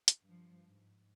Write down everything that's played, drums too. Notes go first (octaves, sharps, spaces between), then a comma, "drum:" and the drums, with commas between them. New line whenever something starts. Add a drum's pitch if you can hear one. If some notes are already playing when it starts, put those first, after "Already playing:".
drum: hi-hat
G2 F3
G#2